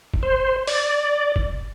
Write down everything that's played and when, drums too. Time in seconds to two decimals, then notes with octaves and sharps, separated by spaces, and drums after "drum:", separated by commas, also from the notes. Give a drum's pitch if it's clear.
0.14 drum: kick
0.23 C5
0.67 D5, drum: open hi-hat
1.36 drum: kick